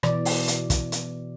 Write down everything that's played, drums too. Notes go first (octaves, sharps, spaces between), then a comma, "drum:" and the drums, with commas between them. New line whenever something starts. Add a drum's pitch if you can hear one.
B2 E3 D5, drum: rim click
drum: open hi-hat
drum: hi-hat
drum: kick, hi-hat
drum: hi-hat